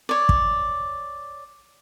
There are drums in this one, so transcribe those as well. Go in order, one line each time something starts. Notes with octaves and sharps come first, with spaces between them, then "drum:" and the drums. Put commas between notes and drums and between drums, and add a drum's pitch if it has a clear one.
C#5 D5
drum: kick